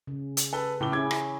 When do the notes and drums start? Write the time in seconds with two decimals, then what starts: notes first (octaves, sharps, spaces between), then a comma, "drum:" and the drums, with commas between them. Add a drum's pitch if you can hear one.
0.07 C#3
0.37 drum: hi-hat
0.53 A4 B4 G7
0.81 A2 C#3 D6 G7
0.92 C#4 E4 G#4 D6 G#6
1.11 drum: rim click